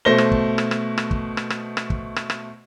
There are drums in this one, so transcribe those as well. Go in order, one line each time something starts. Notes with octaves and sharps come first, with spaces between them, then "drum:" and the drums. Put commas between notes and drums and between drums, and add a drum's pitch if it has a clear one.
B2 A3 C5 A#6 G7
drum: rim click
drum: kick
drum: rim click
drum: rim click
drum: rim click
drum: kick
drum: rim click
drum: rim click
drum: rim click
drum: kick
drum: rim click
drum: rim click